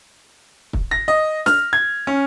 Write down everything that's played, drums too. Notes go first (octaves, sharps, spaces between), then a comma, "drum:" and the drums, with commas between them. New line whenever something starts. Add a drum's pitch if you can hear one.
drum: kick
A#6
D#5
F6, drum: snare
G#6
C#4